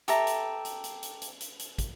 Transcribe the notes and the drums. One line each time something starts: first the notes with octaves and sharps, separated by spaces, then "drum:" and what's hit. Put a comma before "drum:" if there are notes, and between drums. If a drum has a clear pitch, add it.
G4 A4 E5 A#5, drum: hi-hat
drum: hi-hat
drum: hi-hat
drum: hi-hat
drum: hi-hat
drum: hi-hat
drum: hi-hat
drum: hi-hat
drum: kick, hi-hat